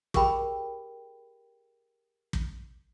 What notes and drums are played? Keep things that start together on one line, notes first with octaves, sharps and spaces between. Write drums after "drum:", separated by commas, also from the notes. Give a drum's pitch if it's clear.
G4 G#4 A#4 G5 B5, drum: kick
drum: kick